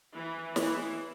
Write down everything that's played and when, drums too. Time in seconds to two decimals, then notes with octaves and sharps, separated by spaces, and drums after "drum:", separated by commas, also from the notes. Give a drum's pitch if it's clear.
0.15 E3
0.56 E3, drum: snare